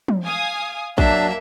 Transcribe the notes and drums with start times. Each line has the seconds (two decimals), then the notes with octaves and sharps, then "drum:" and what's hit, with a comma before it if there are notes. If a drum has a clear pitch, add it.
0.08 drum: tom
0.24 F5 G#5 D#6
0.98 F#3 A#3 D4 E5 A5, drum: kick